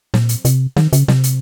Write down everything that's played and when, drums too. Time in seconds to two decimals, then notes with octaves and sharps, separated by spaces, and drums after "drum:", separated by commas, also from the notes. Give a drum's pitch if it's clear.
0.14 A#2, drum: snare
0.29 drum: hi-hat
0.45 C3, drum: hi-hat
0.77 D#3, drum: snare
0.93 C#3, drum: hi-hat
1.08 C3, drum: snare
1.24 drum: hi-hat